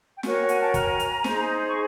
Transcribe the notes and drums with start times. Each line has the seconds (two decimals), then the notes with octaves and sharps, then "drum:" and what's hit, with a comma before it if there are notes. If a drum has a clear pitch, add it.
0.17 G5
0.23 F#4 A#4 C#5 F#5 G#5, drum: snare
0.42 G5
0.49 F#5 G#5, drum: hi-hat
0.61 G5 A5
0.74 G#5 A#5, drum: kick, hi-hat
0.99 drum: hi-hat
1.24 D#4 G#4 C5, drum: snare
1.68 C#6